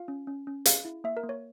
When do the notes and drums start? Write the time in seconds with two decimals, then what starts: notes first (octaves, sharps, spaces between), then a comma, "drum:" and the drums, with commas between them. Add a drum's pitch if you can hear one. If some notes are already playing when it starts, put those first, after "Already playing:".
Already playing: F4 F5
0.08 C#4
0.27 C#4
0.47 C#4
0.65 G#4 F5, drum: hi-hat
0.85 E4
1.04 A#3 E5
1.17 A#4
1.23 A#3
1.29 C#5